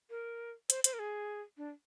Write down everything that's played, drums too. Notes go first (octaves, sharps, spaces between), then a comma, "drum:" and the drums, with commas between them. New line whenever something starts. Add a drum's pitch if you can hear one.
A#4
C5, drum: hi-hat
C5, drum: hi-hat
A#4
G#4
D4